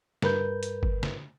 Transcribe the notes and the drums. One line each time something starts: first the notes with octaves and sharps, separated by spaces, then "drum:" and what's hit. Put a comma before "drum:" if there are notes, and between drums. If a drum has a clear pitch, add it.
G2 A#4 B4 G6, drum: snare
drum: hi-hat
drum: kick G1
drum: snare